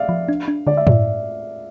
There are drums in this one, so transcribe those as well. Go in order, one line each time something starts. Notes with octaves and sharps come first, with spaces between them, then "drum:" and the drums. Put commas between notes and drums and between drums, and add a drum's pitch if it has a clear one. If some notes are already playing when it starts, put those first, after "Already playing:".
Already playing: D5 E5 F5
F3
D4
D4
D3 D5
E5
G2 D5, drum: tom A2